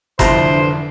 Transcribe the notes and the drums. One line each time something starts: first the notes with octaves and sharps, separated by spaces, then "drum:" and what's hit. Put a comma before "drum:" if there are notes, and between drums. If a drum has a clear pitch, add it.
C2 F2 D3 E3 E4 C5 A#5, drum: kick, hi-hat